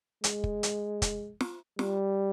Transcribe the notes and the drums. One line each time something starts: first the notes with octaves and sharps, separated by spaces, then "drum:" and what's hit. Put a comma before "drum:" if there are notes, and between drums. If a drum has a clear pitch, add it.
G#3, drum: hi-hat
drum: kick
drum: hi-hat
drum: kick, hi-hat
drum: snare
G3, drum: snare